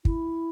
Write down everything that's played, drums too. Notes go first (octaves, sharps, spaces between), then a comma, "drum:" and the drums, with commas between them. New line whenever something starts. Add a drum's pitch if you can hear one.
E4, drum: kick